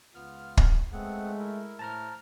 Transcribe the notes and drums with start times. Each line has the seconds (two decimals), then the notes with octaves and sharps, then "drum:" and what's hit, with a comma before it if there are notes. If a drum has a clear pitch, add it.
0.15 C#2 B3 F4 F6
0.57 drum: kick
0.92 G#3 A3 B3 C4 F#5
1.39 E4 A#4
1.79 A2 A3 C5 A5 A#5 F6